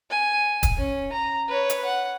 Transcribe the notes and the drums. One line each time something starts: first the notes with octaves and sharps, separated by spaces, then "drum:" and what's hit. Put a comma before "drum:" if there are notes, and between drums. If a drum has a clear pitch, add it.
G#5
drum: kick, hi-hat
C#4
A#5
B4 C#5
drum: hi-hat
F#5